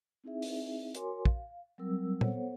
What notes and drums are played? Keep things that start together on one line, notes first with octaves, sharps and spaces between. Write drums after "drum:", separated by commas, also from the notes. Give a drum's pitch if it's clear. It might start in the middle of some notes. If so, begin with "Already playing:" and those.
C4 D#4 E4 G#4 E5
drum: open hi-hat
F#4 A#4 C#5 G#5 C6 D6, drum: hi-hat
F5, drum: kick
F#3 G3 C4 A#4 E6
B3 A4 C5 C#5 F#5, drum: tom A#2